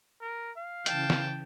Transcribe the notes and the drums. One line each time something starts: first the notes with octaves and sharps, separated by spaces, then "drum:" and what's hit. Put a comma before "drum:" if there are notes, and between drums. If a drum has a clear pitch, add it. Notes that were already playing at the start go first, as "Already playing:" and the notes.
A#4
F5
C#3 E3 G5 A5, drum: hi-hat
drum: snare